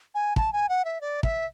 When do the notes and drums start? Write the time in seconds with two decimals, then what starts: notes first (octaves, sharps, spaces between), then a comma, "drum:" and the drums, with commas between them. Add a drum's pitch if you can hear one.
0.15 G#5
0.36 A5, drum: kick
0.53 G#5
0.69 F#5
0.85 E5
1.01 D5
1.23 E5, drum: kick